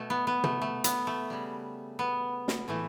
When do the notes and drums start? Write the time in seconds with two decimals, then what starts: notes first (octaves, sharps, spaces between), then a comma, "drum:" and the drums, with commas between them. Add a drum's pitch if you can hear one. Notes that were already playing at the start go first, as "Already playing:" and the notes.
Already playing: B2 A3
0.10 B3
0.27 B3
0.44 A3, drum: tom
0.61 A3
0.84 B3, drum: hi-hat
1.07 A3
1.30 C#3 G3
1.99 B3
2.48 drum: snare
2.68 A2 E3 A3